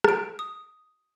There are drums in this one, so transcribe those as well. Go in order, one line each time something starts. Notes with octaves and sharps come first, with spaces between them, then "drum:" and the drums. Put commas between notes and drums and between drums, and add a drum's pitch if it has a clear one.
A6 D7, drum: rim click
D#6